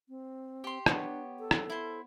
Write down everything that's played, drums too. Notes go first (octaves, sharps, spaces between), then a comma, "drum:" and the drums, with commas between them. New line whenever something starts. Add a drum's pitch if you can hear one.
C4
G4 C6
B3 D4 C#5, drum: rim click
A4
drum: rim click
E4 C5